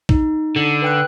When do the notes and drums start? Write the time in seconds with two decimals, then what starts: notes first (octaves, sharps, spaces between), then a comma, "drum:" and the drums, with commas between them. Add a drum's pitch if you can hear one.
0.09 D#4, drum: kick
0.56 D3
0.82 B4 G5 F#6